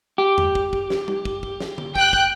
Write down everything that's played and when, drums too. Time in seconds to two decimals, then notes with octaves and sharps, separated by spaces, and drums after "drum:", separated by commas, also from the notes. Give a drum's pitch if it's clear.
0.18 G4
0.38 drum: tom E2
0.55 drum: kick
0.73 drum: kick
0.90 drum: snare
1.08 drum: tom G3
1.25 drum: kick
1.43 drum: kick
1.60 drum: snare
1.78 drum: tom D3
1.96 G5 F#6, drum: kick
2.13 drum: kick